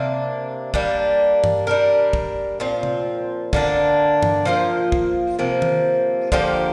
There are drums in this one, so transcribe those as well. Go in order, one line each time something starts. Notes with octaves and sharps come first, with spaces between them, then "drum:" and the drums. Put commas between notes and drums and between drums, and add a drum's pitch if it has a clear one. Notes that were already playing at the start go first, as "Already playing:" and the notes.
Already playing: C3 A#3 D4
G3 A#3 D4, drum: kick
drum: tom G2
G3 D4 A#4
drum: kick
A#2 F3 C4
drum: tom C3
D3 A#3 D4, drum: kick
drum: tom G2
F3 A#3 F4 C5
drum: kick
C3 F3 A#3
drum: tom D#3
D3 F3 A#3 G4, drum: kick